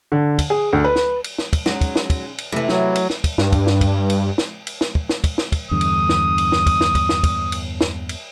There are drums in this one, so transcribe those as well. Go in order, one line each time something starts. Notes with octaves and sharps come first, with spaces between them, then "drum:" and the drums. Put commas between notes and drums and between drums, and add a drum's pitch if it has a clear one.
D3
drum: kick, cymbal
G#4
D2
B4
drum: snare
drum: cymbal
drum: snare
drum: kick, cymbal
F#3 G#3 C#4 D#4, drum: snare
drum: kick, cymbal
drum: snare
drum: kick, cymbal
drum: cymbal
C3 E3 A3 E4
F#3, drum: snare
drum: cymbal
drum: snare
drum: kick, cymbal
G2, drum: snare
drum: kick, cymbal
drum: snare
drum: kick, cymbal
drum: cymbal
drum: snare
drum: cymbal
drum: snare
drum: kick
drum: snare
drum: kick, cymbal
drum: snare
drum: kick, cymbal
E2 G2 D3 D#6
drum: cymbal
drum: snare
drum: cymbal
drum: snare
drum: kick, cymbal
drum: snare
drum: kick, cymbal
drum: snare
drum: kick, cymbal
drum: cymbal
drum: snare
drum: cymbal